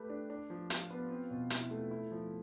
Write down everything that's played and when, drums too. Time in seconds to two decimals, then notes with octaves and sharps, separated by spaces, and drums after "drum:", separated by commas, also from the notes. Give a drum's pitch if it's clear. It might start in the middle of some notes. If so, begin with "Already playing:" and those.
Already playing: A3 G4 B4
0.10 D4
0.30 D4
0.50 F3
0.70 F4, drum: hi-hat
0.90 B3
1.10 C4
1.31 B2
1.50 E4, drum: hi-hat
1.71 A3
1.91 E4
2.11 F3